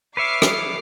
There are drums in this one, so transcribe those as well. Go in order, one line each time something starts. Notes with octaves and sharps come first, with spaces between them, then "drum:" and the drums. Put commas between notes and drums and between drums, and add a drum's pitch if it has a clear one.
B4 C#5 E5 D6 F6 C7
drum: rim click